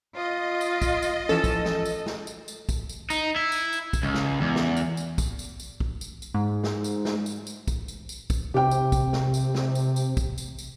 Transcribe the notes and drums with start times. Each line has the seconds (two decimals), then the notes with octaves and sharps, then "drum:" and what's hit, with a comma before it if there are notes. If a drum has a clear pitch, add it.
0.16 F4 D#5
0.61 drum: tambourine
0.82 drum: kick, tambourine
1.02 drum: tambourine
1.29 E3 F3 C#4 A4
1.44 drum: kick, tambourine
1.65 drum: snare
1.86 drum: tambourine
2.06 drum: snare
2.27 drum: tambourine
2.48 drum: tambourine
2.69 drum: kick, tambourine
2.89 drum: tambourine
3.10 D#4, drum: tambourine
3.36 E4
3.52 drum: tambourine
3.73 drum: tambourine
3.93 drum: kick, tambourine
4.03 C#2
4.14 drum: snare
4.41 E2
4.56 drum: snare
4.77 drum: tambourine
4.97 drum: tambourine
5.18 drum: kick, tambourine
5.39 drum: tambourine
5.60 drum: tambourine
5.80 drum: kick
6.01 drum: tambourine
6.22 drum: tambourine
6.34 G#2
6.64 drum: snare
6.84 drum: tambourine
7.05 drum: snare
7.26 drum: tambourine
7.47 drum: tambourine
7.68 drum: kick, tambourine
7.88 drum: tambourine
8.09 drum: tambourine
8.30 drum: kick, tambourine
8.54 C3 G4 G5
8.71 drum: tambourine
8.92 drum: kick, tambourine
9.13 drum: snare
9.34 drum: tambourine
9.55 drum: snare
9.75 drum: tambourine
9.96 drum: tambourine
10.17 drum: kick, tambourine
10.38 drum: tambourine
10.58 drum: tambourine